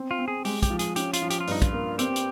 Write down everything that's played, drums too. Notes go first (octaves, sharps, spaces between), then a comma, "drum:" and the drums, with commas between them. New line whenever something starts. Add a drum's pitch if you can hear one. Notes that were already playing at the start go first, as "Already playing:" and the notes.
Already playing: C4
F4
C4
G#4
G#3 G4, drum: open hi-hat
G4, drum: kick, hi-hat
F3
G#4, drum: hi-hat
C#4 G4, drum: hi-hat
F4, drum: hi-hat
F3
G4, drum: hi-hat
F4
G2 D#4, drum: open hi-hat
F4, drum: kick, hi-hat
A#3
C4 G4, drum: hi-hat
drum: hi-hat